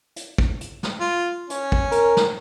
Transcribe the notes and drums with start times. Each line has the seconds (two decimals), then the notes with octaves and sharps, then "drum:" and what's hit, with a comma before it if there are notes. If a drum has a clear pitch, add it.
0.16 drum: hi-hat
0.38 drum: kick
0.61 drum: hi-hat
0.83 drum: snare
1.00 F4
1.50 C#4, drum: hi-hat
1.72 drum: kick
1.92 A#4, drum: hi-hat
2.17 drum: snare